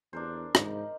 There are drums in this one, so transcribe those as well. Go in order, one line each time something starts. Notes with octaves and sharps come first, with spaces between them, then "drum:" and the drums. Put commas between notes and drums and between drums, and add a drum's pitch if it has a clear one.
E2 D4 A#4 C5
G#2 D#4, drum: rim click